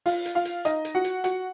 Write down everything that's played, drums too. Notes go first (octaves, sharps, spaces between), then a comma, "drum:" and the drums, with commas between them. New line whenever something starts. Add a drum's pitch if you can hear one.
F4 F5, drum: open hi-hat
drum: hi-hat
F4 F5
drum: hi-hat
D#4 D#5, drum: hi-hat
drum: hi-hat
F#4 F#5
drum: hi-hat
F#4 F#5, drum: hi-hat